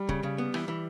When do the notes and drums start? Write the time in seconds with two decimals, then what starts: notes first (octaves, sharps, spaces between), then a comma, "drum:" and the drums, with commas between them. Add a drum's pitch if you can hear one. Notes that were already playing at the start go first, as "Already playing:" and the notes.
Already playing: G3
0.09 C#3, drum: kick D#1
0.23 C#3
0.38 B3
0.54 E3, drum: rim click
0.68 E3